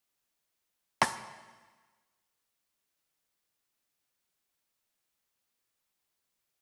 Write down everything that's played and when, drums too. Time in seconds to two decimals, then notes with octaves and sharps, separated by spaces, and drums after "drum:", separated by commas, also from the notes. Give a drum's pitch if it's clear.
0.23 A#4
1.02 drum: rim click
1.94 F6
2.11 B6
2.22 F6
2.40 C7
2.55 D#7
2.69 F#6
2.83 A6
3.10 D6
3.23 C7
3.39 D#7
4.84 C#4 D4 C#5 D5 F#6
5.53 F#2